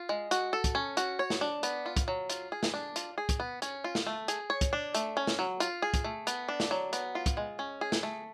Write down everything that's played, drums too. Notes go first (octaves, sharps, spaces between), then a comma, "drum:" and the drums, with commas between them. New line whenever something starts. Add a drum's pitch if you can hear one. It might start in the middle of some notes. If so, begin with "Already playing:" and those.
Already playing: F4
G#3
F#4, drum: hi-hat
A4
drum: kick, hi-hat
C#4
F#4, drum: hi-hat
C#5
drum: snare
D4
B3, drum: hi-hat
F4
drum: kick, hi-hat
F#3
F4, drum: hi-hat
G#4
drum: snare
D4
F4, drum: hi-hat
G#4
drum: kick, hi-hat
B3
C#4, drum: hi-hat
F4
drum: snare
A3
G#4, drum: hi-hat
C#5
drum: kick, hi-hat
D4
A3, drum: hi-hat
C#4
drum: snare
F#3
F4, drum: hi-hat
G#4
drum: kick, hi-hat
A3
B3, drum: hi-hat
D4
drum: snare
F#3
B3, drum: hi-hat
F4
drum: kick, hi-hat
G#3
C#4
G#4
drum: snare
A3